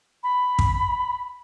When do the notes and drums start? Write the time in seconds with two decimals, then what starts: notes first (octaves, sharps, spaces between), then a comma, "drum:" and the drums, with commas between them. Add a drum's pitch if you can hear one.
0.23 B5
0.59 drum: kick